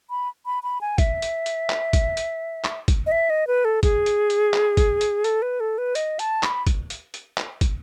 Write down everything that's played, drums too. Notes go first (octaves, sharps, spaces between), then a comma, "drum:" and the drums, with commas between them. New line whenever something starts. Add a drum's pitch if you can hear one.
B5
B5
B5
G#5
E5, drum: kick, hi-hat
drum: hi-hat
drum: hi-hat
drum: clap
drum: kick, hi-hat
drum: hi-hat
drum: clap
drum: kick, hi-hat
D#5
E5
D#5
B4
A4
G#4, drum: kick, hi-hat
drum: hi-hat
drum: hi-hat
drum: clap
drum: kick, hi-hat
drum: hi-hat
A4, drum: hi-hat
B4
A4
B4
D#5, drum: hi-hat
A5, drum: hi-hat
B5, drum: clap
drum: kick, hi-hat
drum: hi-hat
drum: hi-hat
drum: clap
drum: kick, hi-hat